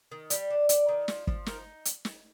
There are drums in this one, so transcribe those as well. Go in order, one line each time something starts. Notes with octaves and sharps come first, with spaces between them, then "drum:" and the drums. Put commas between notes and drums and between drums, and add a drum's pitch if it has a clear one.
D#3
G3, drum: hi-hat
D4
D4, drum: hi-hat
D#3
F3, drum: snare
F3, drum: kick
D#4 A#4, drum: snare
drum: hi-hat
drum: snare